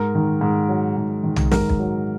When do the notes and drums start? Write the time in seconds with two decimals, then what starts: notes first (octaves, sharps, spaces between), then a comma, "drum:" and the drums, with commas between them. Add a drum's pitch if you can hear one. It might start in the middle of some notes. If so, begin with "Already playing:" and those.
Already playing: G#2 A#4
0.15 D#3
0.41 G#2
0.69 F#3
0.97 G#2
1.23 D#3
1.36 drum: tom
1.51 G#2 A#4, drum: snare
1.70 drum: kick
1.79 F#3